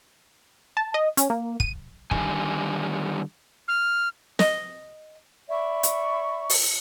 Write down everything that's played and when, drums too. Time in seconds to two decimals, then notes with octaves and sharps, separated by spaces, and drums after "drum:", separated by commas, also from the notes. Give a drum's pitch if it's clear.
0.77 A5
0.94 D#5
1.17 C#4, drum: hi-hat
1.30 A#3
1.60 D#7, drum: kick
2.11 D3 D#3 G3 G#5, drum: kick
3.68 F6
4.39 D#5, drum: snare
5.49 D5 E5 B5 C#6
5.83 drum: hi-hat
6.50 drum: open hi-hat